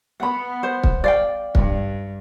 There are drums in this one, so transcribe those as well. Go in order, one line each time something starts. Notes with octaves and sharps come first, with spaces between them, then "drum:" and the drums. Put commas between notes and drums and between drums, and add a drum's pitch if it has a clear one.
B3 F#5 B5
C5
drum: kick
D5 F5 G5
G2, drum: kick